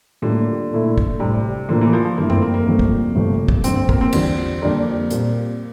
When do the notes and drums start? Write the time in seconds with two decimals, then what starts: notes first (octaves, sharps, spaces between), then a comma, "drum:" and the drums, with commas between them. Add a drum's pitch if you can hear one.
0.22 A2 D3 G3 A#3 F4
0.71 A#2 A3 E4 A4
0.98 drum: kick
1.20 A2 C3 G3 D4
1.69 A2 D3 F3 A#3 F4 A#4
1.81 E3
1.93 F3
2.05 F3
2.18 G2 F3 A3 A#3 E4
2.30 C4, drum: tom F#2
2.42 A#3
2.54 A#3
2.66 G1 G2 F3 A3 C4
2.79 drum: kick
3.15 G1 F2 C3 F3 A3
3.48 drum: kick
3.64 G1 F2 D3 C4, drum: hi-hat
3.76 C4
3.89 A#3, drum: kick
4.01 C4
4.13 E2 D3 G3 D4 F4, drum: cymbal
4.62 F2 D3 G3 A#3 D4
5.10 A#2 G3 C4 G4 A#4, drum: hi-hat